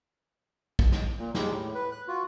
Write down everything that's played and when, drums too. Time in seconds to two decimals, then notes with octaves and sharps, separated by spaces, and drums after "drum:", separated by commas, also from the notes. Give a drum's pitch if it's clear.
0.79 drum: kick
0.92 drum: snare
1.19 A#2
1.35 D#2 G3 G#3, drum: snare
1.50 A2
1.75 B4
1.92 F#6
2.08 F4 F#4